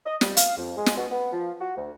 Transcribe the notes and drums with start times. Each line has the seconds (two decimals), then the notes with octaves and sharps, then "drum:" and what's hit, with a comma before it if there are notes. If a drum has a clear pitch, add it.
0.05 D#5
0.21 G3, drum: snare
0.37 F5, drum: hi-hat
0.57 F2
0.77 G#3
0.86 drum: snare
0.97 B2
1.10 B3
1.32 F3
1.60 F#4
1.77 D2